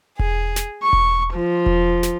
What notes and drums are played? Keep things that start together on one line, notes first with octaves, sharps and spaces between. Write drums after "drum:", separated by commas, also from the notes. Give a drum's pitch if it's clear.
G#4, drum: kick E1
drum: snare
C#6
drum: kick E1
F3
drum: kick E1
drum: snare